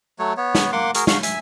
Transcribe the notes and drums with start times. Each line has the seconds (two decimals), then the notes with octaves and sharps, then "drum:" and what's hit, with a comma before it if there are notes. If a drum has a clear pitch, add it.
0.19 F#3 A3 C#5
0.37 B3 C#5
0.55 drum: snare
0.72 A#3 F#5 C6 D6
0.95 F#4 G#4 A#4, drum: hi-hat
1.07 F#4 F5, drum: snare
1.23 E5 G#5, drum: hi-hat